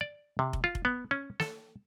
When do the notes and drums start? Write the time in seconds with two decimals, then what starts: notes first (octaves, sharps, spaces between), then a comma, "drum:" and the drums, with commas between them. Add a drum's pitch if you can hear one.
0.01 D5
0.39 C3
0.53 drum: kick
0.64 F4
0.75 drum: kick
0.85 B3
1.11 C#4
1.40 A4, drum: snare